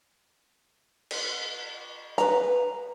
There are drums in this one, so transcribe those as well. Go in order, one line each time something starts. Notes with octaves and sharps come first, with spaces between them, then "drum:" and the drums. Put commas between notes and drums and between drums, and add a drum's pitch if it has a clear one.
drum: cymbal
B4 A#5, drum: hi-hat